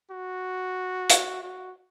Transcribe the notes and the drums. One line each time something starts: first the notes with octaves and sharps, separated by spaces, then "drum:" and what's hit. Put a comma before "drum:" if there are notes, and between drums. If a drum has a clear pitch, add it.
F#4
drum: hi-hat
F#4